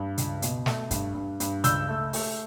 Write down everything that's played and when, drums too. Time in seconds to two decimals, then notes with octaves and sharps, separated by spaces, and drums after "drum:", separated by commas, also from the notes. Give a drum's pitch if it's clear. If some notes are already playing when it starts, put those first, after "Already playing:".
Already playing: G2
0.18 C#2, drum: hi-hat
0.42 B2, drum: hi-hat
0.66 A3, drum: snare
0.91 G2, drum: kick, hi-hat
1.15 G2
1.40 G2, drum: hi-hat
1.64 C#2 E6 G6, drum: hi-hat
1.88 A3
2.13 A3, drum: open hi-hat